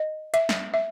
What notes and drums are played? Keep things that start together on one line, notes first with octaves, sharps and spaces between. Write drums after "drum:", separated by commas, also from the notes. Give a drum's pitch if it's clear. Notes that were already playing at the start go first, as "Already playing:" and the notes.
Already playing: D#5
E5, drum: hi-hat
drum: snare
E5